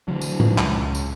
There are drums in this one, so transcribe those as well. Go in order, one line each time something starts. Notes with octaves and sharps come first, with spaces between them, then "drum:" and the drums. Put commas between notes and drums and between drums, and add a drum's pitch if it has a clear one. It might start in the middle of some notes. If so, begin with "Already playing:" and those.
D3 F#3
drum: tambourine
drum: tom A2
C#2, drum: clap
drum: tambourine